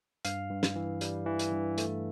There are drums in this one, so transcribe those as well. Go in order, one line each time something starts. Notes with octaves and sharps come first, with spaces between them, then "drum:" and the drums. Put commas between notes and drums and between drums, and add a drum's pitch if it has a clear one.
G2 F5, drum: hi-hat
G2
drum: snare
E3
G3, drum: hi-hat
E3
drum: hi-hat
G2
A3, drum: hi-hat